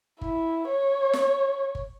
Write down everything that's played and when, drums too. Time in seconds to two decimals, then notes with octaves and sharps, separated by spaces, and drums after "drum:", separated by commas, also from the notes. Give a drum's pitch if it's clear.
0.21 E4, drum: kick G1
0.69 C#5
1.13 drum: snare
1.75 drum: kick G1